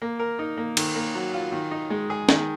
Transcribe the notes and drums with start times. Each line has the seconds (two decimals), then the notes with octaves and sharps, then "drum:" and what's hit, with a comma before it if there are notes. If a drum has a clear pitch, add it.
0.02 A#3
0.19 A#4
0.39 D#4
0.57 A#3
0.77 D#3, drum: cymbal
0.95 A#3
1.15 F#3
1.34 F4
1.52 D#3
1.71 D#4
1.90 G#3
2.10 G#4
2.29 D#3, drum: snare